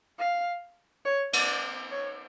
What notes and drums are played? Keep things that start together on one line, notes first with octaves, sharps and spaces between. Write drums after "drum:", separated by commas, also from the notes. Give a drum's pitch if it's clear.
F5
C#5
D5, drum: cymbal
C#5